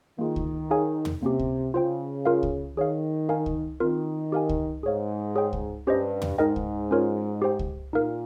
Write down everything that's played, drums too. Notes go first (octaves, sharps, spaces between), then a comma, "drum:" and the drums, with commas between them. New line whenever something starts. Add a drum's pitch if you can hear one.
D#3 A#3 F4 G#4
drum: kick C#2
D#4 G#4 C#5 F5 G#5
drum: tom
C3 A#3 C#4 G4
drum: kick C#2
C#3 F4 C5 G5
F4 A#4 F5
drum: kick C#2
D#3 G#4 C#5 F5
D#4 A#4 F5 G#5
drum: kick C#2
D#3 C4 F4 A#4
G4 A#4 F5 G#5
drum: kick C#2
G#2 G#4 C#5 F5
G#4 C#5 G5
drum: kick C#2
G2 C#4 G4 C5 D#5
drum: tom
G#2 D#4 A#4 D#5 G5
drum: kick C#2
C#4 F4 A#4 C#5
G4 C5 G5
drum: kick C#2
A#2 D#4 A#4 F5